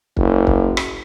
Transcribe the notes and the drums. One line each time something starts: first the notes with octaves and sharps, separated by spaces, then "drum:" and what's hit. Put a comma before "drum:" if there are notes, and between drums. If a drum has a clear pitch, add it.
F#1, drum: kick
drum: kick
drum: rim click